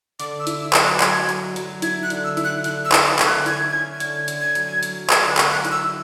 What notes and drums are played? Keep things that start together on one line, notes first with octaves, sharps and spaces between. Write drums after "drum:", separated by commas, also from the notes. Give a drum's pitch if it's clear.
D3 D6, drum: hi-hat
E6
E4, drum: hi-hat
E6
F#3 G#6, drum: clap
F#6
F#3 G#6, drum: clap
F#3, drum: hi-hat
F#3, drum: hi-hat
E4 G#6, drum: hi-hat
F#6
D3, drum: hi-hat
E6
E4, drum: hi-hat
F#6
D3 F#6, drum: hi-hat
E6
E4, drum: clap
D6
D3 G#6, drum: clap
F#6
E4 G#6, drum: hi-hat
C#4 G#6
G#6
D3, drum: hi-hat
G#6
D3, drum: hi-hat
G#6
F#3, drum: hi-hat
G#6
F#3, drum: hi-hat
D3 G#6, drum: clap
F#6
F#3, drum: clap
F#6
E4, drum: hi-hat
E6